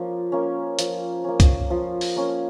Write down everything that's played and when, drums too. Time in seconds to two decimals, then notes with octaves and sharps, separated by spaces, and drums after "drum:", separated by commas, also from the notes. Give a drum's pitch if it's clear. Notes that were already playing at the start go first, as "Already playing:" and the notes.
Already playing: F3 A#3 C#4
0.32 A#3 C#4
0.79 F3, drum: hi-hat
1.24 A#3 C#4
1.40 drum: kick C2, hi-hat
1.70 F3
2.01 drum: open hi-hat
2.16 A#3 C#4